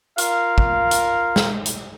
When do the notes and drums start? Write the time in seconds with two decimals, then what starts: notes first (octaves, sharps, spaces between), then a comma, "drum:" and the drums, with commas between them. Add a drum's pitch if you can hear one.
0.18 F4 A#4 F5, drum: hi-hat
0.58 drum: kick
0.91 drum: hi-hat
1.36 drum: snare
1.66 drum: hi-hat